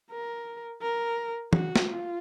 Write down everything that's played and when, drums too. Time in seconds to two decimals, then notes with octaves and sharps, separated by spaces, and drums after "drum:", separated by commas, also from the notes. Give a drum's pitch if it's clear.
0.11 A#4
0.82 A#4
1.53 F#4, drum: tom
1.76 drum: snare
1.89 F4